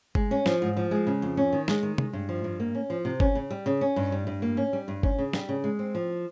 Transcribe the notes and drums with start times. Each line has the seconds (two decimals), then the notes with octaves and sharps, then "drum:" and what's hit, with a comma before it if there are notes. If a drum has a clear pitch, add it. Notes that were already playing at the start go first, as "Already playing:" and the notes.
0.15 G#3, drum: kick G1
0.31 C#4
0.46 F3, drum: snare
0.62 G#2
0.77 F3
0.91 G#3
1.07 C#3
1.22 F2
1.37 C#4
1.53 D#3
1.68 G#3, drum: snare
1.83 D#3
1.98 G#3, drum: tom
2.13 G2
2.29 F3
2.44 G2
2.60 A#3
2.75 C#4
2.90 F3
3.05 C3
3.20 C#4, drum: kick G1
3.35 C#3
3.51 G3
3.66 C#3
3.81 C#4
3.96 G2
4.12 G3
4.27 G2
4.42 A#3
4.57 C#4
4.73 G3
4.88 G2
5.03 C#4, drum: kick G1
5.19 C#3
5.33 G3, drum: snare
5.49 C#3
5.64 G#3
5.79 C4
5.95 F3